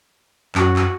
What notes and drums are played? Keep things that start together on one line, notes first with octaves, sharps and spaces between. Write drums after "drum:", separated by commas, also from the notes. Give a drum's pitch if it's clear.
F#2 F#4, drum: clap
drum: clap